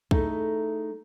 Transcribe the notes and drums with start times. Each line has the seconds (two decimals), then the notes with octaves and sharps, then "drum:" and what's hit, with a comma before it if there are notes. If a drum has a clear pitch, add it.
0.11 A3 D#4 E4 G#4 A4, drum: kick